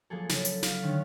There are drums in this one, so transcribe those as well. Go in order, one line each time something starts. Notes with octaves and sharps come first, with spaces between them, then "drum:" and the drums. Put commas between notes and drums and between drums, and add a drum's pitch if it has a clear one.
F3 F#3 A#3 G#4 A4
C#3 A4 B6, drum: snare
drum: hi-hat
F5 B6, drum: snare
D3 D#3 C#4